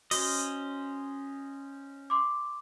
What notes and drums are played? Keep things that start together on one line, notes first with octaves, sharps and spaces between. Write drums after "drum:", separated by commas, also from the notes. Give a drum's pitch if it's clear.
C#4 F#4 C5 D#5, drum: open hi-hat
C6 D6